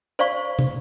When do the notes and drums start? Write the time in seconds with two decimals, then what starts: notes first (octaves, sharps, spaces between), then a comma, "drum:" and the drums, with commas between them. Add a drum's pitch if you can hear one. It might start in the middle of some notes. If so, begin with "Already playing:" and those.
0.19 C5 D5 F5 C#6
0.59 drum: tom